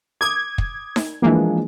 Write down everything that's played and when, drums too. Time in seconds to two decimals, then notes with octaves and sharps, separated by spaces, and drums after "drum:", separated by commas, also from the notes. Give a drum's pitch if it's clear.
0.21 D6 D#6 G#6
0.58 drum: kick
0.96 drum: snare D#4
1.22 E3 F3 G#3 A#3 D4